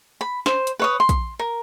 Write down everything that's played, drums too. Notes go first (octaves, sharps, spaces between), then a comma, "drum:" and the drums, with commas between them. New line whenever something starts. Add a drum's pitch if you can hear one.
B5
C5, drum: snare
drum: hi-hat
B4 C#5 D#6
C6
drum: kick, hi-hat
A#4